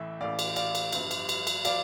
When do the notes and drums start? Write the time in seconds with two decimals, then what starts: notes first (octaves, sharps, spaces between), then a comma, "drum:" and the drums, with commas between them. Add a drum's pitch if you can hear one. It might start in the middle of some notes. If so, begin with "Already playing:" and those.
Already playing: A1 A2 E3 E5
0.20 A1 A2 E3 D5 F5
0.39 drum: cymbal
0.56 D5 F5, drum: cymbal
0.75 drum: cymbal
0.92 G1 G2 F3, drum: cymbal
1.11 drum: cymbal
1.29 drum: cymbal
1.47 drum: cymbal
1.65 F3 D5 F5, drum: cymbal